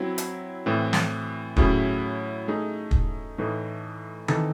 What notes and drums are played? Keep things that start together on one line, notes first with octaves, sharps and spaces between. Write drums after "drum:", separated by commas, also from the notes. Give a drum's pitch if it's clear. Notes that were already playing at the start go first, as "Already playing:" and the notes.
Already playing: F#3 C4 E4
drum: hi-hat
A2 E3 C4
drum: snare
A2 F#3 C#4 E4 G#4, drum: kick
A3 D#4 G#4
drum: kick
A2 E3 A3 D#4
E3 C4 D#4 A4, drum: tom D#3